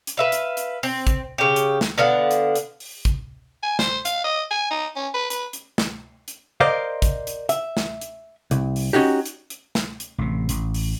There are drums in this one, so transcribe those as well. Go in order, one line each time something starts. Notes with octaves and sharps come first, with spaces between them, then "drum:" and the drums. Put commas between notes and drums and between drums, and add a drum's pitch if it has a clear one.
drum: hi-hat
B4 E5 F5
drum: hi-hat
drum: hi-hat
C4, drum: open hi-hat
drum: kick, hi-hat
C#3 G4
drum: hi-hat
drum: snare
D3 B3 F5 F#5
drum: hi-hat
drum: hi-hat
drum: open hi-hat
drum: kick, hi-hat
G#5
C5, drum: snare
F5, drum: hi-hat
D#5
G#5
D#4
C#4
B4
B4, drum: hi-hat
drum: hi-hat
drum: snare
drum: hi-hat
A#4 C5 D5 D#5 F5
drum: kick, hi-hat
drum: hi-hat
E5, drum: hi-hat
drum: snare
drum: hi-hat
C2, drum: hi-hat
drum: open hi-hat
C#4 D#4 F#4 G4
drum: hi-hat
drum: hi-hat
drum: snare
drum: hi-hat
A1 C3
A1, drum: hi-hat
drum: open hi-hat